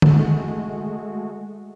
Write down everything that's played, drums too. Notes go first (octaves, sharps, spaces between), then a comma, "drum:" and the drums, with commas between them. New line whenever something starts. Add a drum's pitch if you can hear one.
G#3 A3 F#4, drum: tom